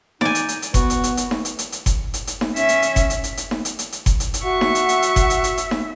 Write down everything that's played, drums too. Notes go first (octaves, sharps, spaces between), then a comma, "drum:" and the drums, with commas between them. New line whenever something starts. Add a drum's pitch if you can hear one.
D#4 D5 G#5, drum: snare D#4
drum: hi-hat
drum: hi-hat
drum: hi-hat
B3 F#4, drum: kick F#1, hi-hat
drum: hi-hat
drum: hi-hat
drum: hi-hat
drum: snare D#4
drum: hi-hat
drum: hi-hat
drum: hi-hat
drum: kick F#1, hi-hat
drum: hi-hat
drum: hi-hat
drum: snare D#4
C#4 E5, drum: hi-hat
drum: hi-hat
drum: hi-hat
drum: kick F#1, hi-hat
drum: hi-hat
drum: hi-hat
drum: hi-hat
drum: snare D#4
drum: hi-hat
drum: hi-hat
drum: hi-hat
drum: kick F#1, hi-hat
drum: hi-hat
drum: hi-hat
F#4 E5 F#5 C#6
drum: snare D#4
drum: hi-hat
drum: hi-hat
drum: hi-hat
drum: kick F#1, hi-hat
drum: hi-hat
drum: hi-hat
drum: hi-hat
drum: snare D#4